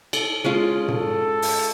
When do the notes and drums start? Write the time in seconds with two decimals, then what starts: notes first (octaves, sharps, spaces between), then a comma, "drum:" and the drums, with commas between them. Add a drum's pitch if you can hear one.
0.13 A4, drum: cymbal
0.44 G#3 C#4 F4
0.88 A4, drum: tom G#2
1.42 drum: open hi-hat